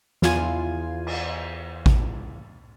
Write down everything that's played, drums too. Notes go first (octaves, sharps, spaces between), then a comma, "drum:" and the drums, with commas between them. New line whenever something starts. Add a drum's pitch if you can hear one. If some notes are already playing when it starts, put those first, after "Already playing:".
E2 F4 G#5, drum: snare
drum: cymbal
drum: kick A1